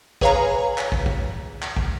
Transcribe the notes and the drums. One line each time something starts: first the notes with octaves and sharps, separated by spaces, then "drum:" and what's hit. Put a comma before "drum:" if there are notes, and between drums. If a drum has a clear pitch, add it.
G#4 B4 C#5 F5 G#5 A#5, drum: kick
drum: clap
drum: kick
drum: kick
drum: clap
drum: kick